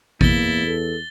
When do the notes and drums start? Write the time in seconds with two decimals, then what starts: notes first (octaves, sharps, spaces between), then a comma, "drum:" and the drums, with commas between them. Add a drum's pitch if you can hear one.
0.21 E2 A#3 E4 A6 G7, drum: kick A1
0.66 A4